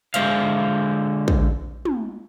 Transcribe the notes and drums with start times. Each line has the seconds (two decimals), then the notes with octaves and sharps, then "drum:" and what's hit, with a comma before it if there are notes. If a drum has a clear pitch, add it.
0.14 D3 G#3 C5 E5 F5, drum: hi-hat
1.28 drum: kick
1.85 drum: tom